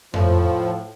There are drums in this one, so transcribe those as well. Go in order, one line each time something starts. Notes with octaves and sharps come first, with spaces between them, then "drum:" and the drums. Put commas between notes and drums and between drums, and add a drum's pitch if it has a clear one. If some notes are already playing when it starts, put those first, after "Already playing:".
A2 F3, drum: tom F2